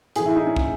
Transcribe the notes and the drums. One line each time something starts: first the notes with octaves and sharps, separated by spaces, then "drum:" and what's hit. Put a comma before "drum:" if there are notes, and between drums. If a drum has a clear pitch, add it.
A2 E3 G#4, drum: hi-hat
E4
D#4
C#4
drum: kick